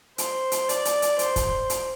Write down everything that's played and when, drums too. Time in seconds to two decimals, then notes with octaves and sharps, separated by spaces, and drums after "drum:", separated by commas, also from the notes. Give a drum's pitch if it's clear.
0.18 C5, drum: hi-hat
0.52 drum: hi-hat
0.69 D5, drum: hi-hat
0.85 drum: hi-hat
1.02 drum: hi-hat
1.19 C5, drum: hi-hat
1.36 drum: kick, hi-hat
1.70 drum: hi-hat